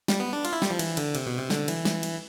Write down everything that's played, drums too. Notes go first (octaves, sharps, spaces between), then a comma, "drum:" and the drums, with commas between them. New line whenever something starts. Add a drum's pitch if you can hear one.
G3, drum: snare
B3
D4
F4, drum: cymbal
E4
G3, drum: snare
F3
E3, drum: cymbal
D3, drum: cymbal
C3, drum: cymbal
B2
C3
D3, drum: snare
E3, drum: cymbal
drum: snare
drum: cymbal